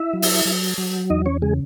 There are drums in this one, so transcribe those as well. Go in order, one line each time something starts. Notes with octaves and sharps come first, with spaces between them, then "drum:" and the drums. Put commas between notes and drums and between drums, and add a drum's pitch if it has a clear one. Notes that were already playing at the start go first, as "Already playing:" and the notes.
Already playing: E4 E5
F#3
drum: open hi-hat
F#3
F#3
E2 D#4 D#5
C#4 C#5
C#3 G#3 G#4